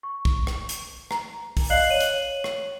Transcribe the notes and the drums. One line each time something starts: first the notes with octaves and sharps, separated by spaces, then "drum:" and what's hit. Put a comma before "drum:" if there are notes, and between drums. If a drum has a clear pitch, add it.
C#6
drum: kick
drum: rim click
drum: hi-hat
A#5, drum: rim click
drum: kick, open hi-hat
D5 D#5 F5 F#6 C7 F#7
C#5 D#7 F#7
drum: hi-hat
drum: rim click